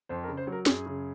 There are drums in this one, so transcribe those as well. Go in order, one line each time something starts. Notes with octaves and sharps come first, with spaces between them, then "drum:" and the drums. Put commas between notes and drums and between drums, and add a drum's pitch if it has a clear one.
F2 C5
A#4
C#3
C5
F#3
A#4
F#2 G#4, drum: snare
C#3